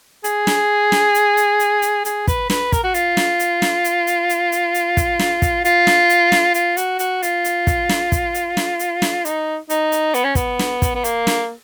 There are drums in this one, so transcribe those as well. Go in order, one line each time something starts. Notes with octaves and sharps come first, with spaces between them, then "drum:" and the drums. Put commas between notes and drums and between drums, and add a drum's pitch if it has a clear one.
G#4, drum: hi-hat
drum: snare
drum: snare
drum: hi-hat
drum: hi-hat
drum: hi-hat
drum: hi-hat
G#4, drum: hi-hat
B4, drum: kick, hi-hat
B4, drum: snare
A#4, drum: kick, hi-hat
F#4
F4, drum: hi-hat
drum: snare
drum: hi-hat
drum: snare
drum: hi-hat
drum: hi-hat
drum: hi-hat
drum: hi-hat
drum: hi-hat
drum: kick, hi-hat
drum: snare
drum: kick, hi-hat
F4, drum: hi-hat
drum: snare
drum: hi-hat
drum: snare
F4, drum: hi-hat
F#4, drum: hi-hat
F#4, drum: hi-hat
F4, drum: hi-hat
drum: hi-hat
drum: kick, hi-hat
drum: snare
drum: kick, hi-hat
drum: hi-hat
drum: snare
drum: hi-hat
drum: snare
D#4, drum: hi-hat
D#4, drum: hi-hat
drum: hi-hat
B3, drum: hi-hat
C#4
B3, drum: kick, hi-hat
drum: snare
drum: kick, hi-hat
B3
A#3, drum: hi-hat
drum: snare